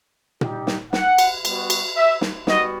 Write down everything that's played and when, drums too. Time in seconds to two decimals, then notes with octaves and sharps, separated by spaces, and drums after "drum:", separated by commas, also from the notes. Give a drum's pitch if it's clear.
0.41 G3 D#4 G4, drum: tom A#2
0.67 drum: snare
0.93 F#5, drum: snare
1.18 drum: cymbal
1.45 G3 B3 F#4, drum: cymbal
1.70 drum: cymbal
1.96 E5
2.21 drum: snare
2.47 G3 B3 F#4 D#5, drum: snare